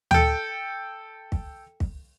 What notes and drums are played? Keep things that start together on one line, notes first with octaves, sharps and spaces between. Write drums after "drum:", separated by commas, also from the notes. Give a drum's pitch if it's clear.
A4 G5, drum: tom D2
drum: kick
drum: kick